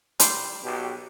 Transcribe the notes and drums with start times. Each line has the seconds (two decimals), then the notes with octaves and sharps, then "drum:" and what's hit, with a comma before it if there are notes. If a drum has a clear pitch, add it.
0.20 G3 C5, drum: hi-hat
0.64 B1 G4